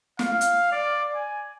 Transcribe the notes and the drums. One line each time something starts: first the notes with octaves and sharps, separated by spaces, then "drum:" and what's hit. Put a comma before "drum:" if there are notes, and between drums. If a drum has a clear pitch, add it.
F5, drum: snare
drum: hi-hat
D5
G#5